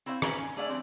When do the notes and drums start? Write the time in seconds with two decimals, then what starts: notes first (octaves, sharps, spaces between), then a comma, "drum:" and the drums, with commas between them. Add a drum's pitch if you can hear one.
0.06 C4 E4 C5 C#5 F5
0.22 C#4 D#4 F#4 B4 C#5 D5, drum: rim click
0.38 C#4
0.56 A3 D4 G#4 C#5 D5 F5
0.68 E3 F#3 G3 C4 D4